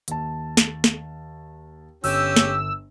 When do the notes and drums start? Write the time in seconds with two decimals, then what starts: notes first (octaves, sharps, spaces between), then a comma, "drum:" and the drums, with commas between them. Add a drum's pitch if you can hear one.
0.08 D#2 A5, drum: hi-hat
0.57 drum: snare
0.84 drum: snare
2.04 G1 C#4 G4 E6, drum: open hi-hat
2.36 drum: snare